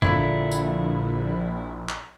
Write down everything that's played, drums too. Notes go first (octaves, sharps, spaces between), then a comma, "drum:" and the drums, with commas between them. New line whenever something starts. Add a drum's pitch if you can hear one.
A#1 A#2 D3 E4 F4, drum: kick A1
drum: tambourine
drum: clap